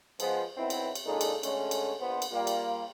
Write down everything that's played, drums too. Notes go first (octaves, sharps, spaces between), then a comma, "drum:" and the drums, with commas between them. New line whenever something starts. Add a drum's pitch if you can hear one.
F3 G#3 B3, drum: cymbal
B1 B3 C4 E4
drum: cymbal
drum: cymbal
A#2 C#3 G#3 D4 D#4 A4
drum: cymbal
D3 G#3 A3 C#4, drum: cymbal
drum: cymbal
A#1 B3 C5
drum: cymbal
G3 A#3 F4
drum: cymbal